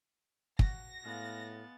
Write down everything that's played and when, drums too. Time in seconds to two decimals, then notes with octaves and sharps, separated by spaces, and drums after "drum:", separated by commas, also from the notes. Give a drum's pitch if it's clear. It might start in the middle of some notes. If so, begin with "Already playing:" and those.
0.59 F#4 A#6, drum: kick
1.05 A2 G#3 B3 F5 A6